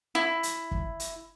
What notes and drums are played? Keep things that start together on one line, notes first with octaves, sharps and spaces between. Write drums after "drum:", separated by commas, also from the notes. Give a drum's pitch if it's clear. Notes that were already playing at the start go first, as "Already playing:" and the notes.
E4
drum: hi-hat
drum: kick
drum: hi-hat